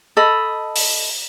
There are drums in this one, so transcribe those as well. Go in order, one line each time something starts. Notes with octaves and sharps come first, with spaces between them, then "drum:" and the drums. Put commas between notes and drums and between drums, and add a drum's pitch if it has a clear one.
A4 D#5 B5
drum: open hi-hat